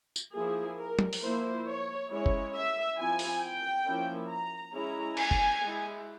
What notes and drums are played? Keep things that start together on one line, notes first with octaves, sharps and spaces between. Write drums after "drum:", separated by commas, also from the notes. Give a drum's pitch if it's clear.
drum: tambourine
F3 A#3 E4 G#4
A#4
drum: tom F#3
drum: open hi-hat
F3 A#3 E4 C5
C#5
G#3 C#4 E4 C#5
drum: kick
E5
F3 C4 E4 G#5
drum: open hi-hat
G5
F3 A#3 C#4 E4
A#5
G#3 C#4 E4 A#5
G#5, drum: cymbal
drum: kick
G#3 E4